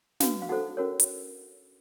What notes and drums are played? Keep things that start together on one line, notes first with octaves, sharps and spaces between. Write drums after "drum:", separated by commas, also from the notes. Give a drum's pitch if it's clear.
D4 F#4 B4 F5, drum: snare
F5
D#4 F#4 A4 C5 F#5
C#4 F#4 A#4 C#5
drum: hi-hat